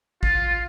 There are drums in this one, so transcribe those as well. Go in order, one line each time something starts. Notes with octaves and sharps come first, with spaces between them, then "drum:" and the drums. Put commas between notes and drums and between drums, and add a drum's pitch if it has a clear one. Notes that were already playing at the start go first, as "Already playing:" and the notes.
F4, drum: kick